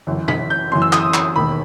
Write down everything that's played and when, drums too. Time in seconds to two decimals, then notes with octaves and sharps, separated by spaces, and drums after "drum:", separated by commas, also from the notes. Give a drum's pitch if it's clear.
0.07 G1 F#2 E3
0.28 B6, drum: tom B2
0.50 G6
0.71 G1 F#2 E3 C6
0.82 E6
0.93 D#6, drum: clap
1.14 drum: clap
1.36 E1 D#2 D#3 B5